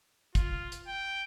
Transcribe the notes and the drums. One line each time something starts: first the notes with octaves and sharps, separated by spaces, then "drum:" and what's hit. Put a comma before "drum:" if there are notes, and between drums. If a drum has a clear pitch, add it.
F4, drum: kick, hi-hat
drum: hi-hat
G5